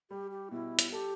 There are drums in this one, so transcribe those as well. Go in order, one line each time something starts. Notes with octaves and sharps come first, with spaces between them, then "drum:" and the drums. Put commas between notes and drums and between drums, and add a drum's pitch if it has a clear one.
G3 G4
G4
B2 E4
drum: hi-hat
G4 A4